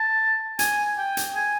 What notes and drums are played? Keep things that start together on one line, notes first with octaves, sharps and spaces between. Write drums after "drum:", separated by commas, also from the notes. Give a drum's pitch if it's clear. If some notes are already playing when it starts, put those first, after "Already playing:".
Already playing: A5
G#5, drum: hi-hat
G5
drum: hi-hat
G#5